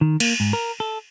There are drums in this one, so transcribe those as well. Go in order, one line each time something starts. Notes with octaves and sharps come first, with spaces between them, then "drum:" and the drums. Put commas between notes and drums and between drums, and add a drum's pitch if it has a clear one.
D#3
A#3, drum: cymbal
G#2
A#4
A4